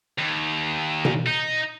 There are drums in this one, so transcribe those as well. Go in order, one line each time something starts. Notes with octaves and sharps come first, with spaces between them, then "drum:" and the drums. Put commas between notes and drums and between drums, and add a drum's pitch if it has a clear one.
D#2
drum: tom B2
D#4